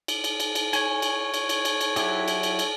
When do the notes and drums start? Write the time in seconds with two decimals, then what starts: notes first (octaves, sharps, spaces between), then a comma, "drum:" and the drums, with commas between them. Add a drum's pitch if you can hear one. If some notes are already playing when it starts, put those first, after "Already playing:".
0.08 drum: cymbal
0.24 drum: cymbal
0.40 drum: cymbal
0.55 drum: cymbal
0.73 C#5 G#5, drum: cymbal
1.02 drum: cymbal
1.34 drum: cymbal
1.49 drum: cymbal
1.65 drum: cymbal
1.81 drum: cymbal
1.96 F#3 E4 G4, drum: cymbal
2.28 drum: cymbal
2.43 drum: cymbal
2.59 drum: cymbal